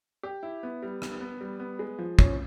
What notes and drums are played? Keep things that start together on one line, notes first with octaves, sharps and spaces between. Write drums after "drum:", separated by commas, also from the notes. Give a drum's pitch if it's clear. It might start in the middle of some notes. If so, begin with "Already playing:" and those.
G4
E4
B3
G3
B3, drum: rim click
B3
G3
B3
G#3
F3
C#4, drum: kick